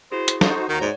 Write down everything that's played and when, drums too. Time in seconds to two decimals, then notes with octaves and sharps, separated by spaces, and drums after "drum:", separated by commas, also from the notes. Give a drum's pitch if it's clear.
0.12 E4 F#4 G#4 C5
0.28 drum: hi-hat
0.41 D#4 F#4 A4 C5 C#6 D#6, drum: snare
0.69 D#2 D#3 F#4 F#5 A#5
0.81 G#2 C#5 D5